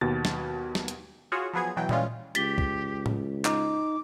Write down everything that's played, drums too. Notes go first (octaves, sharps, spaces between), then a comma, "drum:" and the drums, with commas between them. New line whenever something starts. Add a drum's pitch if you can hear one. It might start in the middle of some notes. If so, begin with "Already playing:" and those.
D#2 B2 A6
drum: snare
drum: snare
drum: hi-hat
F4 F#4 G#4 C#5
F3 F#3 B3 G#4 G#6
B2 E3 F#3 G5
E3 G3 G#3 C#4 F4, drum: tom A#2
C#2 G4 A6 B6 G7, drum: hi-hat
drum: kick
drum: tom A2
D#4 D6, drum: clap